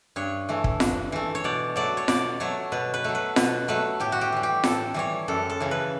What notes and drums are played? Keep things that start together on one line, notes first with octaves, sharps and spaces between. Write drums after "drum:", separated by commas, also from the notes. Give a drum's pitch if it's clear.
G2 C#5
E3 A3
drum: kick
G2, drum: snare F4
E3 A3
C#5
B2 D5
F#3 A3 D5
C#5
B2 D5, drum: snare F4
F#3 A3 C#5
B2 B4
B4
F#3 A3
B4
B2 B4, drum: snare F4
F#3 A3 B4
A2 G4
F#4
G4
E3 G3
G4
A2 A4, drum: snare F4
E3 G3 C#5
F#2 A4
A4
C#3 E3
B4